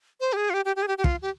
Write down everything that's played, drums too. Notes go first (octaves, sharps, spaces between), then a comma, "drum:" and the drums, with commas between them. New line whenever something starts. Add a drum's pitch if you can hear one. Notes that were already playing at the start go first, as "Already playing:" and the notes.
C5
G4
G#4
F4
G4
G4
G4
G#4
G4
G4
F4, drum: kick
G4